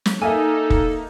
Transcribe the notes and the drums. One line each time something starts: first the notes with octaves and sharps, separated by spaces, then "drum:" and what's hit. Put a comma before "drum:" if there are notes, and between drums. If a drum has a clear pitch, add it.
drum: snare
A#3 D#4 A4 E5 G#5
drum: kick